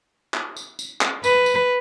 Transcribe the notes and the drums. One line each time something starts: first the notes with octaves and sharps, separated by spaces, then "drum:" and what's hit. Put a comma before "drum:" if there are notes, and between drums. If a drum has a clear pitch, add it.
drum: clap
drum: tambourine
drum: tambourine
drum: clap
B4, drum: tambourine
drum: tambourine